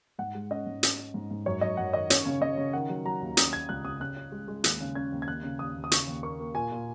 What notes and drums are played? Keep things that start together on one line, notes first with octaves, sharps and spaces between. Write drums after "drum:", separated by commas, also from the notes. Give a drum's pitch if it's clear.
G#2 F#5
G#3
C#4 D#5
G#2
C#4, drum: hi-hat
C#4
G#2
G#2
F#2 C#5
F#2 D#5
F#2 F#5
D#3 D#5
C#4 C#5, drum: hi-hat
C#3
C#3 D#5
C#3
D#3 F#5
F#3
F#3 A#5
D#2
C#4 D#6, drum: hi-hat
C#4 G#6
C#2 F#6
C#3 D#6
C#3 F#6
C#4
G#3
G#3
D#2 F#6, drum: hi-hat
C#3
C#4 G#6
D#2
G#6
D#2 F#6
C#3
D#2 D#6
D#2
D#6
C#3 C#6, drum: hi-hat
D#2
A#3 C#6
A#3
A#2 G#5
A#2